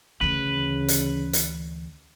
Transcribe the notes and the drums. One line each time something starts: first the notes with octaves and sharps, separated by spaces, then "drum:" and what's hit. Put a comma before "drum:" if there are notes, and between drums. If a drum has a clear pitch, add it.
D2 C#3 E3 B4
drum: hi-hat
drum: hi-hat